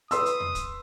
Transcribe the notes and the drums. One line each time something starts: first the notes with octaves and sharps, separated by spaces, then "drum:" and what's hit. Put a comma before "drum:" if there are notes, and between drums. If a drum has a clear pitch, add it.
B4 C6 D#6 E6, drum: hi-hat
drum: hi-hat
drum: tom E2
drum: kick, hi-hat